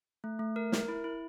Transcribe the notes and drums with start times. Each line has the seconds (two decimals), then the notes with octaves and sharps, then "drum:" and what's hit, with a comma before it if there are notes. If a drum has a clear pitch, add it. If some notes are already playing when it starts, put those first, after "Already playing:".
0.24 A3
0.39 A3
0.56 A#4
0.72 A#4, drum: snare
0.88 E4
1.04 E4